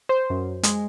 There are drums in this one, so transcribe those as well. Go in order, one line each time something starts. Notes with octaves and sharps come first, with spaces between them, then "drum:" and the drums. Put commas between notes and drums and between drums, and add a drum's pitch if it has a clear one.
C5
F#2
G#3, drum: hi-hat